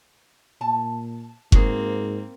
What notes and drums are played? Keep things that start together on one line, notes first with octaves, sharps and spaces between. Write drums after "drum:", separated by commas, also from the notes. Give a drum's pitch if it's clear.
A#2 A5
G#2 A#3 C4 F#4 G#4, drum: kick F#1